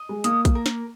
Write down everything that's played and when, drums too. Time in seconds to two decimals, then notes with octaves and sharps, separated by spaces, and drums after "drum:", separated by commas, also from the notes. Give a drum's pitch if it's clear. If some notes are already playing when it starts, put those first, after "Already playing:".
Already playing: D#5
0.09 G#3
0.24 A#3 D#6, drum: hi-hat
0.45 drum: kick A#1, hi-hat
0.55 A#4
0.66 drum: snare